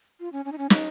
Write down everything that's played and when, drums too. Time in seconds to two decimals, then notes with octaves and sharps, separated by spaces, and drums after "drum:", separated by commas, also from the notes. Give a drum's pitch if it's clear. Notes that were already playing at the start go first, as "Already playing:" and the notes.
0.20 F4
0.32 C#4
0.45 C#4
0.52 D#4
0.58 C#4
0.70 D#4, drum: snare